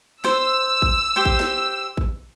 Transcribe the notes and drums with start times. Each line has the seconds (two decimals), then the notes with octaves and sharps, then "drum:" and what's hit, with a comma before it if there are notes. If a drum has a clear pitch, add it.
0.24 C5 E6, drum: snare
0.82 drum: kick A1
1.16 G4 C5
1.25 drum: kick A1
1.40 drum: snare
1.97 drum: kick A1